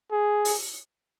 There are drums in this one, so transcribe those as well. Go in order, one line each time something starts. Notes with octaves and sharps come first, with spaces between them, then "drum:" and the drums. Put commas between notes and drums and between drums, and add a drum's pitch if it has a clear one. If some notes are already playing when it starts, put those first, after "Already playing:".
G#4
drum: open hi-hat